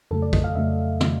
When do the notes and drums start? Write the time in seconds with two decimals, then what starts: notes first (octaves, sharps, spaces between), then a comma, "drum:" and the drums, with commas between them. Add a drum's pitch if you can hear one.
0.11 F2 C#3 F#3 A3 A4
0.22 D5
0.33 D#5, drum: kick
0.44 F5
0.56 F2 C#3 F#3 A3 E5
1.00 C#3 F#3 A3, drum: tom